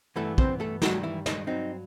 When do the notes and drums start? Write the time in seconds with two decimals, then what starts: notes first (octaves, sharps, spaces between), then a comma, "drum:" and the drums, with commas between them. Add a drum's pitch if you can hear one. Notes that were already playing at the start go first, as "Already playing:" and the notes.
0.16 G2 E3 A3 B3 A4
0.38 C4 C5, drum: kick
0.60 A3 A4
0.82 G2 D#3 F#3 G3 F#4, drum: snare
1.03 E3 E4
1.26 D#4, drum: snare
1.47 G2 F#3 C4 D#4